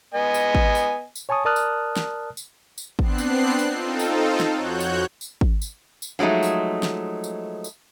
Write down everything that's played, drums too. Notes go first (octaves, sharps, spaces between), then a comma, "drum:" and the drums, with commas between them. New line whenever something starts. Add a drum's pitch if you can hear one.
B3 D#5 G#5
drum: tambourine
drum: kick G#1
drum: tambourine
drum: tambourine
C#5 G#5 A5 C#6 D#6
A#4 D5 A5 D#6 F6 F#6
drum: tambourine
drum: snare
drum: tambourine
drum: tambourine
B3 C4 D4 F#6 C7, drum: kick G#1
drum: tambourine
drum: tambourine
C4 D#4 F4 A4
drum: tambourine
drum: snare
F2 F#4 C#5 F#6 G6
drum: tambourine
drum: tambourine
drum: kick G#1
drum: tambourine
drum: tambourine
F3 F#3 G#3 A3 D#4
drum: tambourine
drum: snare
drum: tambourine
drum: tambourine